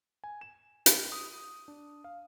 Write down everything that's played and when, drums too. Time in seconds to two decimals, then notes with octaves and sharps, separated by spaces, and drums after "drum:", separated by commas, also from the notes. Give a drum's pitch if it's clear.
0.24 G#5
0.41 E7
0.86 drum: hi-hat
1.12 D#6
1.68 D4
2.04 F5